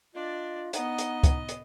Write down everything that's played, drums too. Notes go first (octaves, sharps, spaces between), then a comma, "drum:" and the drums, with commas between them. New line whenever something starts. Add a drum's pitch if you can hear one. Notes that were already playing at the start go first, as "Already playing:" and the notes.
D4 F4 D5 D#5
B3 D#4 D#5 F#5, drum: hi-hat
drum: hi-hat
drum: kick, hi-hat
drum: hi-hat